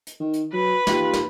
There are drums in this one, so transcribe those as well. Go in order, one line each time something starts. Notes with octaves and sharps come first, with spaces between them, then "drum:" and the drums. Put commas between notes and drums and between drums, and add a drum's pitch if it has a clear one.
drum: hi-hat
D#3
drum: hi-hat
F#3 B4
D#2 F4 G4, drum: snare
drum: snare